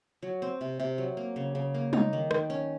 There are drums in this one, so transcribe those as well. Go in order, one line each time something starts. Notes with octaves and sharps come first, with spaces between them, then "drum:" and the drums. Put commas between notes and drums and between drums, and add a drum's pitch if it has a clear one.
F#3
C4
C3
C3
F#3
A#3
C#3
C#3
A#3
D#4, drum: tom G3
D#3
D#3, drum: rim click
C#4